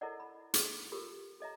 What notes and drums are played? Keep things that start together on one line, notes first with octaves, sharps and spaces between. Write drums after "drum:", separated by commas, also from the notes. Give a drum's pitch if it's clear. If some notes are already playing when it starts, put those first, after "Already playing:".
E4 A4 A#4 D5 D#5 F#5
B5
G#4 A4, drum: hi-hat
F4 G4 A4 A#4
A4 D#5 E5 A#5